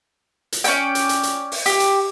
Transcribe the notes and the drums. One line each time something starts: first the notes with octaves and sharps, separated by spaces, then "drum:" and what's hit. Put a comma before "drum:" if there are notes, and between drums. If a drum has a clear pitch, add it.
drum: hi-hat
C#4 D5 G5, drum: hi-hat
drum: hi-hat
drum: hi-hat
drum: hi-hat
drum: open hi-hat
G4, drum: hi-hat
drum: hi-hat